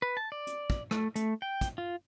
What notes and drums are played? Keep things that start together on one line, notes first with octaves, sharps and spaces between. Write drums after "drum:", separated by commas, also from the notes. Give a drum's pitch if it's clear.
B4
A5
D5
drum: hi-hat
drum: kick
A3, drum: rim click
A3, drum: hi-hat
G5
drum: kick, hi-hat
F4